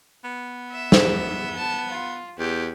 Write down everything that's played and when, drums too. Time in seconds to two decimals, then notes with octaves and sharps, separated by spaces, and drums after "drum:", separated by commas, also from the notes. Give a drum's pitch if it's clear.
0.24 B3
0.72 E5
0.92 drum: snare
1.56 A5
1.90 F4
2.38 E2 G4